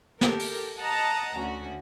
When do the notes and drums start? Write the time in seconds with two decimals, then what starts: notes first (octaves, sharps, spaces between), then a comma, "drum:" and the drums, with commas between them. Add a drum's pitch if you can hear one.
0.21 G4 A4 A#4, drum: snare
0.39 drum: open hi-hat
0.78 D#5 F#5 A5 A#5
1.38 D2 C#4 F#4